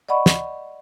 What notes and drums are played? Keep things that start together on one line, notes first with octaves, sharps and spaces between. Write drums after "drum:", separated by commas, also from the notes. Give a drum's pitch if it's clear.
D5 D#5 F#5 B5 C#6
drum: snare